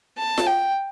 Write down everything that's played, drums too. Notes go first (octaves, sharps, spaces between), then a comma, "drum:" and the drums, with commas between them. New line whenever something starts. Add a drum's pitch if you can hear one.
A5
drum: snare F4
G5